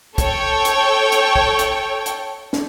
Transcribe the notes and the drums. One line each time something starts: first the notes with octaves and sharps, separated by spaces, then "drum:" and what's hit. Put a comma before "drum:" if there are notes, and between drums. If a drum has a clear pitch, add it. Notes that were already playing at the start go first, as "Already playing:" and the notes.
A4 C#5 G5, drum: kick, hi-hat
drum: hi-hat
drum: hi-hat
drum: kick
drum: hi-hat
drum: hi-hat
drum: snare